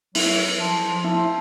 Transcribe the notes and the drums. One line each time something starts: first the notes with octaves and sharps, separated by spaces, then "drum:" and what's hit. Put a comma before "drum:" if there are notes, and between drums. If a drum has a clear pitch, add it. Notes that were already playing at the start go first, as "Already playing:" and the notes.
F#3 E4, drum: open hi-hat
F3
F3 E4